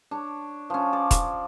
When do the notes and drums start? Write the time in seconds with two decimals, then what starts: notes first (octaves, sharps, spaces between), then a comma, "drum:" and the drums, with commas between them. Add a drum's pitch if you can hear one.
0.11 D4 C#5
0.70 F3 C#4
0.93 D5
1.11 drum: kick E1, hi-hat